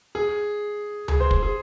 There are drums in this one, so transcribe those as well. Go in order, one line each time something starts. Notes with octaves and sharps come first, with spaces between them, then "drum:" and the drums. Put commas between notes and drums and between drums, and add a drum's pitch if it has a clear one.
G#4
G#4, drum: tom C#2
C5
drum: kick
G#4